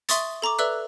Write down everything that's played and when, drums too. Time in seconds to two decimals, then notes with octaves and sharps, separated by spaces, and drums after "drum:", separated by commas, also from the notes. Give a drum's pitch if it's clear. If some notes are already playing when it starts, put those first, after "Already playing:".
0.09 E5 C6 C#6 D#6 A6, drum: hi-hat
0.42 A4 A#5 C#6 D6
0.59 A4 B4 D5 E5 E6 F#6